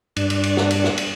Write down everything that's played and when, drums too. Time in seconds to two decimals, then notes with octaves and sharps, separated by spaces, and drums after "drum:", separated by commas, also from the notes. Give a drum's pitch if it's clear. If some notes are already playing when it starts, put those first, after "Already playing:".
0.16 G2 D4, drum: cymbal
0.30 drum: cymbal
0.44 drum: cymbal
0.57 drum: snare
0.71 drum: cymbal
0.84 drum: snare
0.98 drum: cymbal